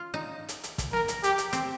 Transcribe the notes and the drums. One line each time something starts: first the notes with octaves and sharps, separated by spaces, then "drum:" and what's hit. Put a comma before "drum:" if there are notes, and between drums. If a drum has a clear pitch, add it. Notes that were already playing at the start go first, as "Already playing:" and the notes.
Already playing: F4
D#4
drum: hi-hat
drum: hi-hat
drum: kick, hi-hat
A#4, drum: snare
drum: hi-hat
G4, drum: hi-hat
drum: hi-hat
C4, drum: hi-hat